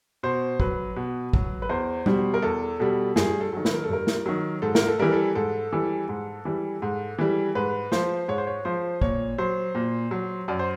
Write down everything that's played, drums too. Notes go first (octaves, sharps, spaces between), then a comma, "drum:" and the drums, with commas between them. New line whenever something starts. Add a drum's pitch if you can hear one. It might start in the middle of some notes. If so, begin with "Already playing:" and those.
B2 C5
F#3 B4, drum: kick
B2
F#3, drum: kick
B4
E2 C5
B2 G3, drum: tom G3
A#4
E2 A4
B2 G3 A4
G2 G#4, drum: snare
A4
D#3 F#3
B4, drum: snare
A#4
A4
G2 A#4
drum: snare
D#3 F#3
G#2 A4
A#4, drum: snare
A4
E3 G3 A#4
A4
G#2 A4
E3 G3
G#2
E3 G3
G#2
E3 G3
G#2 B4
F3 C5, drum: snare
G#2 C#5
C5
C#5
F3 C5
A#2 C#5, drum: kick
F#3 C5
A#2
F#3
F#2 D5
C5